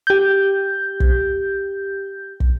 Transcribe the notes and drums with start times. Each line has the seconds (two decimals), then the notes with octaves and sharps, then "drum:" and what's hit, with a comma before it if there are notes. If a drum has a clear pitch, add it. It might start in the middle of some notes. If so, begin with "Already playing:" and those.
0.07 G4 G6
1.00 drum: kick
2.40 drum: kick